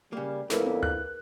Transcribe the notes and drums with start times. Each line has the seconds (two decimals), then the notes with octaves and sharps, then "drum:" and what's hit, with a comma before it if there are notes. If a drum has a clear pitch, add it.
0.13 C#3 G3 A#3
0.50 F2 D3 A3 A#3 E4 G#4 A#4 B4, drum: snare
0.66 drum: tom
0.83 F#6, drum: tom D2